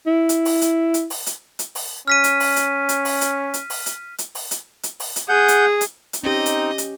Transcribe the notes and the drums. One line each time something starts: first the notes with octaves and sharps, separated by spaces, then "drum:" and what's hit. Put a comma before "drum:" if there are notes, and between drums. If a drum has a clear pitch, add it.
E4
drum: hi-hat
drum: open hi-hat
drum: hi-hat
drum: hi-hat
drum: open hi-hat
drum: hi-hat
drum: hi-hat
drum: open hi-hat
C#4 F6 B6 D#7
drum: hi-hat
drum: open hi-hat
drum: hi-hat
drum: hi-hat
drum: open hi-hat
drum: hi-hat
drum: hi-hat
drum: open hi-hat
drum: hi-hat
drum: hi-hat
drum: open hi-hat
drum: hi-hat
drum: hi-hat
drum: open hi-hat
drum: hi-hat
G#4 F#5 G6
drum: hi-hat
drum: hi-hat
drum: hi-hat
C4 C#4 D#4 G4 D#5
drum: hi-hat
drum: hi-hat